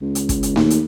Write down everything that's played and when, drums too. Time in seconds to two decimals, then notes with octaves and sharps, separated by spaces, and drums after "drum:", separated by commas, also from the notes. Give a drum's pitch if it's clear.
0.01 C#2
0.15 drum: hi-hat
0.29 drum: kick, hi-hat
0.43 drum: hi-hat
0.56 D#2, drum: snare A3
0.70 drum: hi-hat